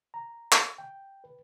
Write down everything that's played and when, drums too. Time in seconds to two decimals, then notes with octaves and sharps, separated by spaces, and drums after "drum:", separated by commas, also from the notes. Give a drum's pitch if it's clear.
0.14 A#5
0.52 drum: clap
0.78 G5
1.24 B4